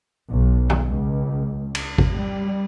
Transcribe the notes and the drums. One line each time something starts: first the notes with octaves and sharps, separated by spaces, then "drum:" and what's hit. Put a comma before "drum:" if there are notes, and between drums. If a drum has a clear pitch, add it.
B1
drum: tom F2
C#2
drum: cymbal
drum: kick
G3